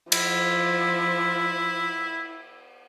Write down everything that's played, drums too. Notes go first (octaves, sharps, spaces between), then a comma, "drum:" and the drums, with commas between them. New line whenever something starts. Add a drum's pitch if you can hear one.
F3 E4, drum: cymbal